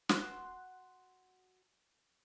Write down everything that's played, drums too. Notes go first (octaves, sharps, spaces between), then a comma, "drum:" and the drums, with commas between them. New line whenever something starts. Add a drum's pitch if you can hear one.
F#4 C6 F#6, drum: snare